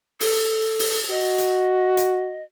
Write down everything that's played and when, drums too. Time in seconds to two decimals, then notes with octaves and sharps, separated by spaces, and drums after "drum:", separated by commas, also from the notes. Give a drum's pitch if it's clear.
0.20 A4, drum: open hi-hat
0.79 drum: open hi-hat
1.10 F#4 D#5
1.38 drum: hi-hat
1.97 drum: hi-hat